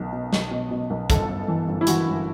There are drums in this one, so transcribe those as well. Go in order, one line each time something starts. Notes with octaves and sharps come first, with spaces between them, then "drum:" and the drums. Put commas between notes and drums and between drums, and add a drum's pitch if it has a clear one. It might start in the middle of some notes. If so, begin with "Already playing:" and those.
Already playing: B1 B2
B2
B1, drum: snare
B2
B2
B1
G1 A4, drum: kick, hi-hat
G1
E3
G1
E4
E3 F#4, drum: hi-hat
G1